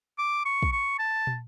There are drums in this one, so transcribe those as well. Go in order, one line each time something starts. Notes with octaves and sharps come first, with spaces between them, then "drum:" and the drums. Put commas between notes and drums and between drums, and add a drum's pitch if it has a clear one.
D6
C#6
drum: kick
C#6
A5
drum: tom